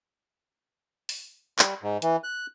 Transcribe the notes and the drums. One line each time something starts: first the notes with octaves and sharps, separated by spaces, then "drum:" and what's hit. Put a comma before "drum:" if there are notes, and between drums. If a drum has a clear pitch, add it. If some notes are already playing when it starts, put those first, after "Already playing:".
drum: open hi-hat
G3, drum: clap
G#2
E3, drum: hi-hat
F#6